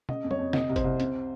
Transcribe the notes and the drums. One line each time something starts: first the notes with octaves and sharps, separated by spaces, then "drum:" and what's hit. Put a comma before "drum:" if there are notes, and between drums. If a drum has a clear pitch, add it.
C#3 D#5, drum: tom
F2
C#5, drum: tom
F2
C3 D#5, drum: snare
C2
C5, drum: kick F#1, hi-hat
C2
C3, drum: hi-hat